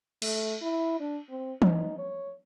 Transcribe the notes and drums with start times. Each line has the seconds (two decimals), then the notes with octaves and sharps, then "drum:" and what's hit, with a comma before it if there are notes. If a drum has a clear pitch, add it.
0.22 A3, drum: cymbal
0.61 E4
1.00 D4
1.29 C4
1.62 D#4, drum: tom E3
1.98 C#5